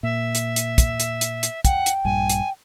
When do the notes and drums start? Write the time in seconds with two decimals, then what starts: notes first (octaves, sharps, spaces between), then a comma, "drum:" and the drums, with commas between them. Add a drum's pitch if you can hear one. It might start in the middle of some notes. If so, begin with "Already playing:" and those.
0.03 A#2 E5
0.35 drum: hi-hat
0.56 drum: hi-hat
0.78 drum: kick, hi-hat
1.00 drum: hi-hat
1.21 drum: hi-hat
1.43 drum: hi-hat
1.65 F#5 G5, drum: kick, hi-hat
1.86 drum: hi-hat
2.05 A#1 G2 G#5
2.29 drum: hi-hat